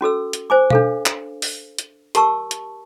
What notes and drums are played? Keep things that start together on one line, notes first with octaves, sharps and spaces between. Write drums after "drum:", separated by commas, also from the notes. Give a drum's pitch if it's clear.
C#4 F#4 A4 E6
drum: hi-hat
C5 G#5 D6
D4 A4 F5, drum: tom B2
drum: clap
drum: open hi-hat
drum: hi-hat
G4 A#4 A5 C#6 E6, drum: hi-hat
drum: hi-hat